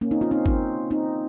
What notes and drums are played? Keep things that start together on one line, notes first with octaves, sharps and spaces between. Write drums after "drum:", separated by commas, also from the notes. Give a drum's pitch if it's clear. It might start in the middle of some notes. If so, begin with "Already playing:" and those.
A#3 C#4
C4 D#4
C#4 F4
C4 D#4
C4 D#4, drum: kick
C4 D#4